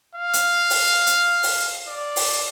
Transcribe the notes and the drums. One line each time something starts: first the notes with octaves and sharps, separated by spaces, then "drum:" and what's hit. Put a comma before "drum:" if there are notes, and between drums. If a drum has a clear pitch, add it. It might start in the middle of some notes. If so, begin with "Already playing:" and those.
F5
drum: hi-hat
drum: open hi-hat
drum: hi-hat
drum: open hi-hat
D5
drum: open hi-hat